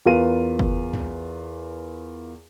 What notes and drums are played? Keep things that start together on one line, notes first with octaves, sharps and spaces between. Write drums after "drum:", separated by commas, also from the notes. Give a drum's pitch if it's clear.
E2 F4 A#4 B4 F5 D#7
drum: kick
drum: tom